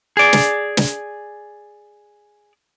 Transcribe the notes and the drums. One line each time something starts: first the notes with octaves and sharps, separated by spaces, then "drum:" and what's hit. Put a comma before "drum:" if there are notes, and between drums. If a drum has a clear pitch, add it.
G#4 D5
drum: snare
drum: snare